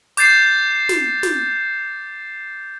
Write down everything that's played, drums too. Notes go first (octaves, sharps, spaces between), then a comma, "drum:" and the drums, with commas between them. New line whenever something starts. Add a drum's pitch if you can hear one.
D6 G6 A6 C7 E7, drum: hi-hat
drum: snare
drum: snare